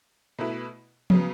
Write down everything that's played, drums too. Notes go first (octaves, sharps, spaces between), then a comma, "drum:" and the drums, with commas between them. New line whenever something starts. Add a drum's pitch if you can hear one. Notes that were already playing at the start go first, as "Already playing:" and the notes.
B2 A3 E4 B4
C#3 F#3 B3, drum: tom F3